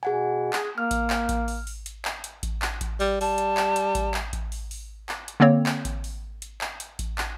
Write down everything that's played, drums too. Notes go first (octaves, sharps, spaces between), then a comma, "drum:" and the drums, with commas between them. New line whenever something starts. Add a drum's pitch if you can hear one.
B2 G#4 F#5 G#5
G#4, drum: clap
A#3 F6
drum: kick A1, hi-hat
drum: clap
drum: kick A1, hi-hat
drum: open hi-hat
drum: open hi-hat
drum: hi-hat
drum: clap
drum: hi-hat
drum: kick A1, hi-hat
drum: clap
drum: kick A1, hi-hat
G3, drum: open hi-hat
G3 A5, drum: open hi-hat
drum: hi-hat
drum: clap
drum: hi-hat
drum: kick A1, hi-hat
drum: clap
drum: kick A1, hi-hat
drum: open hi-hat
drum: open hi-hat
drum: clap
drum: hi-hat
D3 A#3 C4 C#5
drum: clap
drum: kick A1, hi-hat
drum: open hi-hat
drum: hi-hat
drum: clap
drum: hi-hat
drum: kick A1, hi-hat
drum: clap